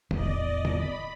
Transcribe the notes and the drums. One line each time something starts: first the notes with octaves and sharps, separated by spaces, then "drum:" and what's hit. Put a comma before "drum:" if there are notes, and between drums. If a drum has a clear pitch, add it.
D#1 A1 E2 D5 D#5, drum: tom
drum: tom
B5